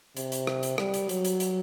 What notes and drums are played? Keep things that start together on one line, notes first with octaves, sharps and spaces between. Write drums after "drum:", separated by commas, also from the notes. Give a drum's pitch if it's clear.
C3, drum: hi-hat
drum: hi-hat
drum: rim click
drum: hi-hat
G3, drum: rim click
drum: hi-hat
F#3, drum: hi-hat
drum: hi-hat
drum: hi-hat